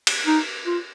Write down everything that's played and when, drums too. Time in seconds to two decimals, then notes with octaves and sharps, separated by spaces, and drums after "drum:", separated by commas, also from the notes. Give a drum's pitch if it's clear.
0.07 drum: cymbal
0.27 D#4
0.65 F4